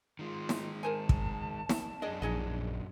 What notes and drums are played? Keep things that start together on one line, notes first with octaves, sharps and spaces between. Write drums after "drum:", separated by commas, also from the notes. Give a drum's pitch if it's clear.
D#3 G#3 F4
drum: snare
A#4 C5 G#5 A5
drum: kick
drum: snare
F#2 D4 G#4 D#5
A#1 D#4 G#4 D#5